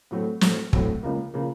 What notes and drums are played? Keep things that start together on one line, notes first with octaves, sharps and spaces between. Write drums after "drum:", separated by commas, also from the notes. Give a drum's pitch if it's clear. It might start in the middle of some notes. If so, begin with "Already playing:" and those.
A2 F#3 A3 C4
A2 F#3 A3 C4, drum: snare
A2 F#3 A3 C4, drum: kick
C#2 C#3 F3 A#3
C#3 F3 A#3